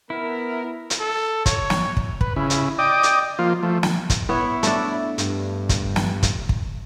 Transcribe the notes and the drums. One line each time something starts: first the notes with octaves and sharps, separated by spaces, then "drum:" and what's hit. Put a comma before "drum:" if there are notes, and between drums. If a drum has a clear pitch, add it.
B3 E4 A#4
drum: hi-hat
A4
C#5, drum: kick, hi-hat
drum: snare
drum: kick
B4, drum: kick
C#3 E4
drum: hi-hat
D5 D#5 G5 D6 D#6
drum: hi-hat
F3 A#3 F4
F3 A3
drum: snare
drum: kick, hi-hat
B3 E4 C#5
A3 D4, drum: hi-hat
G2, drum: hi-hat
drum: kick, hi-hat
drum: snare
drum: kick, hi-hat
drum: kick